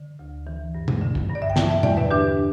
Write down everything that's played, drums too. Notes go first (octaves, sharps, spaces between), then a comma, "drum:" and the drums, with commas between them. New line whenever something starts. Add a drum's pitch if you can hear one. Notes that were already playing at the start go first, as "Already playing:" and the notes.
Already playing: D3
D2
E3
G2
drum: tom
D3
drum: kick
G2
D5
E5
G5
E3 E5 A5, drum: snare
E5 A5
E2 D5 G5, drum: tom
B4 E5
D3 D4 G4